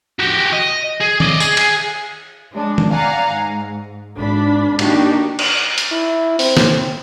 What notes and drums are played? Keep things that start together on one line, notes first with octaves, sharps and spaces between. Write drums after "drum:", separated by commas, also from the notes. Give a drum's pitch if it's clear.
F#4 G4
D#5
G#4
D5 D#5, drum: tom
G#4, drum: tambourine
drum: cymbal
G#3 D4
drum: tom
D5 F5 F#5 G#5 A#5
G#2
G#1 D4 B5
D#3 A#3 D4 D#4 F#4 G4, drum: cymbal
drum: cymbal
drum: hi-hat
E4
C4, drum: open hi-hat
drum: snare